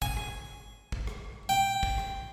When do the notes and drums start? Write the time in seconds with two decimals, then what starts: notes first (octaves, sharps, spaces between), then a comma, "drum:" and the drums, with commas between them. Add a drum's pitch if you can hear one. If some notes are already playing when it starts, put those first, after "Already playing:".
0.02 G#5, drum: kick
0.17 drum: rim click
0.92 drum: kick
1.07 drum: rim click
1.49 G5
1.83 drum: kick
1.98 drum: rim click